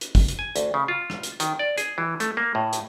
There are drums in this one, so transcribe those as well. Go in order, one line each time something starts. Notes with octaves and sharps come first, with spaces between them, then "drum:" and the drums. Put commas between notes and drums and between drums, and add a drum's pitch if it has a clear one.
drum: hi-hat
drum: kick, open hi-hat
drum: hi-hat
G#5
D2, drum: hi-hat
C#3
F4
drum: rim click
drum: hi-hat
D#3, drum: hi-hat
D5
G#4, drum: hi-hat
E3
A3, drum: hi-hat
A#3
A2
drum: hi-hat